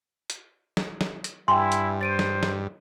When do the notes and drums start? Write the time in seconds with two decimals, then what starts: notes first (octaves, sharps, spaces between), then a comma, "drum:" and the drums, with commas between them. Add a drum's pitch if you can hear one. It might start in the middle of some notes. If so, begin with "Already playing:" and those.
0.30 drum: hi-hat
0.77 drum: snare
1.01 drum: snare
1.24 drum: hi-hat
1.48 G2 E4 G5 G#5 C6
1.72 drum: hi-hat
2.01 C5 A6 D7 D#7
2.19 drum: snare
2.43 drum: snare